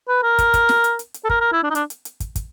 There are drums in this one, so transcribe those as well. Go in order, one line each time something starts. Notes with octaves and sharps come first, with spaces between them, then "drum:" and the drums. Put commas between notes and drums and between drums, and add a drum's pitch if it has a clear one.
B4
A#4
drum: kick, hi-hat
drum: kick, hi-hat
drum: snare
drum: hi-hat
drum: hi-hat
drum: hi-hat
A4
A#4, drum: kick
A#4
E4
D4
D#4
D4, drum: hi-hat
drum: hi-hat
drum: hi-hat
drum: kick, hi-hat
drum: kick, hi-hat